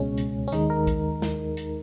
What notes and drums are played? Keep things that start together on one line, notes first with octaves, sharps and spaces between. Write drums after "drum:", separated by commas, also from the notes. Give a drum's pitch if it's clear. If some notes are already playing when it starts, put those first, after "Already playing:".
Already playing: C#2 B2 G#3 C#4
drum: hi-hat
C#4
D#2 D#3 G#3 D#4, drum: hi-hat
A#4
drum: kick, hi-hat
drum: snare
drum: hi-hat